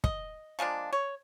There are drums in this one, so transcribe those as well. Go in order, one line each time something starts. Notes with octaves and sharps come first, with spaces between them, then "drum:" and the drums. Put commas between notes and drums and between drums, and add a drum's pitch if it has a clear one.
D#5, drum: kick
F3 G#3 A#3 D4
C#5